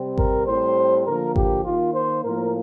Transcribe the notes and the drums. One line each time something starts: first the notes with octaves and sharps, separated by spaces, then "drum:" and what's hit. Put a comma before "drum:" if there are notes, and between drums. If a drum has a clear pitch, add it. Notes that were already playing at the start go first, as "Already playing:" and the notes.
Already playing: C3 G3 C4
A#4, drum: kick G#1
A2 G3 C4 C5
D3 F3 A#3 A#4
G4, drum: kick G#1
D#3 A#3 F4
C5
A2 F3 A#3 A#4